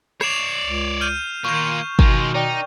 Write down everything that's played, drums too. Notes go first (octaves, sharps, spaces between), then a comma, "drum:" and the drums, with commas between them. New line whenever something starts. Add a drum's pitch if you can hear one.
C#5 D5 C7 E7 F7, drum: rim click
C#2
F6 G6 D#7
D#3 A#3 F4 C#6 G6
B2 D#3 G#3 F4, drum: kick
D#4 D5 G5 F#6